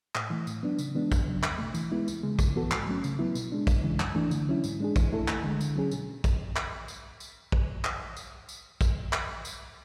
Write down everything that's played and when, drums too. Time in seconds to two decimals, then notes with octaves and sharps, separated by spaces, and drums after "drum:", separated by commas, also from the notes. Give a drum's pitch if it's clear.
0.15 A2, drum: clap
0.30 E3 A3
0.47 A2, drum: tambourine
0.63 F#3 B3 D4
0.79 C#3, drum: tambourine
0.94 E3 G#3 B3 D4
1.12 E2, drum: kick, tambourine
1.27 C#3 F#3
1.43 E2, drum: clap
1.58 B2 A3
1.75 E3, drum: tambourine
1.91 G#3 B3 E4
2.08 C#2, drum: tambourine
2.23 C#3 G#3
2.39 C#3, drum: kick, tambourine
2.56 E3 B3 F#4 A4
2.71 G#2, drum: clap
2.87 F#3 A3 C#4
3.04 C#3, drum: tambourine
3.19 F#3 B3 E4
3.35 B2, drum: tambourine
3.52 G#3 D4
3.67 C#2, drum: kick, tambourine
3.83 C#3 E3 G#3
4.00 F#2, drum: clap
4.15 E3 A3 D4
4.31 D3, drum: tambourine
4.48 F#3 C#4 E4
4.64 G#2, drum: tambourine
4.80 G#3 D4 G#4
4.96 E3, drum: kick, tambourine
5.12 A3 E4 A4
5.28 D2, drum: clap
5.44 D3 G#3
5.61 D3, drum: tambourine
5.76 F#3 C#4 G#4
5.91 B2, drum: tambourine
6.24 drum: kick, tambourine
6.56 drum: clap
6.88 drum: tambourine
7.20 drum: tambourine
7.52 drum: kick
7.84 drum: clap
8.17 drum: tambourine
8.49 drum: tambourine
8.81 drum: kick, tambourine
9.13 drum: clap
9.45 drum: tambourine